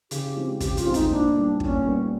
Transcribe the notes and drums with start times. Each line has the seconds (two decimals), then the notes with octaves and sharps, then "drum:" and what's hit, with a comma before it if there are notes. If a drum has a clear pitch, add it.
0.11 C#3 G4, drum: hi-hat
0.36 F3 G#3 C4
0.60 C#3 G4, drum: kick, hi-hat
0.77 F4, drum: hi-hat
0.85 F3 G#3 C4
0.94 D#4, drum: kick, hi-hat
1.10 A#2 D4
1.35 G3 B3
1.60 A#2 C#4, drum: kick
1.85 G3 B3